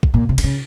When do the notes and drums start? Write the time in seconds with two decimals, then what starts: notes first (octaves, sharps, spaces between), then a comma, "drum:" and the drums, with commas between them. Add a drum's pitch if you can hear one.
0.03 drum: kick
0.14 A#2
0.29 C3
0.38 D3, drum: cymbal
0.44 C#3